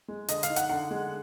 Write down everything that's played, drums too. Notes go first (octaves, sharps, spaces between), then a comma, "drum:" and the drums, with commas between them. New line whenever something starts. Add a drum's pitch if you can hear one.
G#3
D3 D#5, drum: hi-hat
F5, drum: hi-hat
D#4
F#5, drum: hi-hat
D3 F#5
G#3